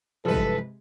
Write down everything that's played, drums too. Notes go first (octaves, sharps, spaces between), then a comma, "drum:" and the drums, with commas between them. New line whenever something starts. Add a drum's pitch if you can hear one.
G2 C3 E3 F3 G#3 A4 B4
drum: kick